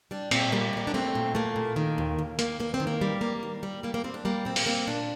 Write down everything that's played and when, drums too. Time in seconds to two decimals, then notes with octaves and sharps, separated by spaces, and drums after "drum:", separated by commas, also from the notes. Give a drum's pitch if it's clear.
0.11 G3 D4
0.31 A#2 C4, drum: cymbal
0.52 G3 A#3
0.73 A#2 A#3
0.87 D4
0.94 A3 C4
1.15 A#2
1.35 A3 A#3
1.56 A#2
1.76 D#3
1.98 D#2
2.19 D#2
2.39 A#3, drum: hi-hat
2.60 G2 A#3
2.74 C4
2.80 D#3
2.87 A#3
3.01 G3
3.21 A#3
3.43 D#3
3.63 G3
3.83 G3 A#3
3.94 A#3
4.04 G3 C4
4.14 D4
4.25 G3 A#3
4.45 A#2 C4
4.56 A#3, drum: open hi-hat
4.66 A#3 C4
4.87 A#2 D4